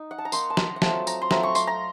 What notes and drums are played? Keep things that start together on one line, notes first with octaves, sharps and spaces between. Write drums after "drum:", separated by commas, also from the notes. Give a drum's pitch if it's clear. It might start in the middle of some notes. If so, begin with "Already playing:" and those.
Already playing: D#4
F#5
A5
A#5
A#3 D#4 C6, drum: tambourine
A5
A#5, drum: snare
F#5
F#3 A3 C4 F4 A5, drum: snare
A#5, drum: tambourine
C6
F#3 A3 C4 F4 A#5, drum: snare
C#6
C6, drum: tambourine
A#5